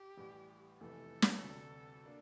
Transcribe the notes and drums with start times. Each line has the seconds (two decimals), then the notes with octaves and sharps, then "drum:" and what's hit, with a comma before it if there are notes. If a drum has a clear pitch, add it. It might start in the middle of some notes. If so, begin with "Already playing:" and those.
Already playing: G4
0.17 A1 A2 E3 G3
0.80 F1 E2 C3 E3 A3 A4
1.22 drum: snare
1.44 D2 C3 G3
2.06 A#3 D4